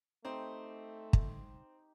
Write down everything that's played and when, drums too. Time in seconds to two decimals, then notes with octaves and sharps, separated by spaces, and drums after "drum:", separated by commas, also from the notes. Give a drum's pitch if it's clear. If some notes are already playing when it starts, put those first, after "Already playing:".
0.25 A3 C4 D#4 G4
1.13 drum: kick